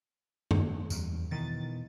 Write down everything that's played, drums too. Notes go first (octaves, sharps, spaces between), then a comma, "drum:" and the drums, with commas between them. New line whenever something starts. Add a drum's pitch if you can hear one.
drum: tom
E2 G3, drum: tambourine
B2 D#3 E3 A6